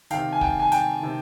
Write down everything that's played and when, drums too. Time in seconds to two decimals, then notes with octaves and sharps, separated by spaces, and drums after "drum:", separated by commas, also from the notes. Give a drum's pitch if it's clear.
0.10 C3 D#3 F5 G5, drum: hi-hat
0.33 G#5
0.41 G5 A5, drum: kick
0.60 G#5
0.72 G5 A5, drum: hi-hat
1.02 C3 D#3